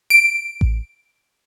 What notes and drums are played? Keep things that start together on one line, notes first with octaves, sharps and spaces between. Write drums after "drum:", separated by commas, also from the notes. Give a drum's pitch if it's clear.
D7
drum: kick A1